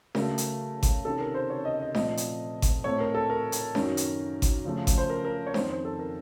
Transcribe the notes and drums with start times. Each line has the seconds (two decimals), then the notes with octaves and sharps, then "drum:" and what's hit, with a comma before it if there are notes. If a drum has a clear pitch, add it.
0.15 C#3 F#3 A3 A#4, drum: snare D4
0.38 drum: hi-hat
0.83 drum: kick G#1, hi-hat
1.05 C3 D#3 A#3 C#4 A4
1.20 A#4
1.34 C5
1.50 C#5
1.65 D#5
1.80 D#5
1.95 A#2 F3 A3 C4 D#5, drum: snare D4
2.17 drum: hi-hat
2.62 drum: kick G#1, hi-hat
2.84 A2 A3 C4 C#5
3.00 A#4
3.14 A4
3.30 A#4
3.52 drum: hi-hat
3.75 F#2 D#3 A#3 C#4, drum: snare D4
3.97 drum: hi-hat
4.42 drum: kick G#1, hi-hat
4.64 C#3 F3 A3 C#4
4.87 drum: kick G#1, hi-hat
4.98 C5
5.10 A#4
5.25 A#4
5.47 C#5
5.54 F2 D#3 A#3 C#4 C5, drum: snare D4
5.70 C5
5.85 A4
5.99 A#4